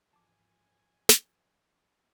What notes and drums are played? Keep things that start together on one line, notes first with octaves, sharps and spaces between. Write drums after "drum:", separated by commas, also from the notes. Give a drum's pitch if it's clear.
G#2 E3 F3 G#5 A5 D6
drum: snare